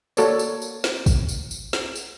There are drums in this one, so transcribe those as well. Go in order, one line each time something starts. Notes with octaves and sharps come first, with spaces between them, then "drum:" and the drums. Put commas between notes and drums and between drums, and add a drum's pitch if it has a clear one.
A#3 F#4 A4 A#4 C#5 D5, drum: tambourine
drum: tambourine
drum: tambourine
drum: snare
drum: kick, tambourine
drum: tambourine
drum: tambourine
drum: snare
drum: tambourine